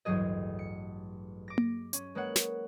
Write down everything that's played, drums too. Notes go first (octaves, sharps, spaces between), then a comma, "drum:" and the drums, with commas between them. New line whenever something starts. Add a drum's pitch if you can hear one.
A1 D2 G2 F#3 G#4 D#5
C#7
D6 A#6
drum: tom A#3
C#4, drum: hi-hat
G#3 A#3 B4 C#5 F#5
drum: snare